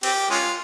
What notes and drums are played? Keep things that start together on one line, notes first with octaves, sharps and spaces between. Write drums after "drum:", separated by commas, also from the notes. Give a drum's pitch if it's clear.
C4 G4, drum: cymbal
G#3 C#4 F4